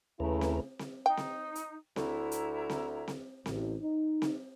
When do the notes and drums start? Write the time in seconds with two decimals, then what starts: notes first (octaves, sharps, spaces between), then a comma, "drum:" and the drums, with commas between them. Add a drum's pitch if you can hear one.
0.20 D#2 C#3 A3 E4 B4 A#5
0.41 drum: snare C4
0.79 drum: snare C4
1.06 D#4 G5
1.17 drum: snare C4
1.55 drum: hi-hat
1.96 D2 E4 A#5, drum: snare C4
2.31 drum: hi-hat
2.70 drum: snare C4
3.08 drum: snare C4
3.46 A1, drum: snare C4
3.82 D#4
4.22 drum: snare C4